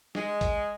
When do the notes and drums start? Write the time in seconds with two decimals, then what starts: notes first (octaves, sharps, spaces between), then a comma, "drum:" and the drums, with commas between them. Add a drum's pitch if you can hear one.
0.15 G#3, drum: snare
0.41 drum: kick A1, hi-hat